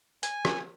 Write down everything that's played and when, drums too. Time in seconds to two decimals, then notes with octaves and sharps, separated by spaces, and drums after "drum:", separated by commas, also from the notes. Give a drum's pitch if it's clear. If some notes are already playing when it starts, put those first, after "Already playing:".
0.23 G#5, drum: hi-hat
0.45 drum: rim click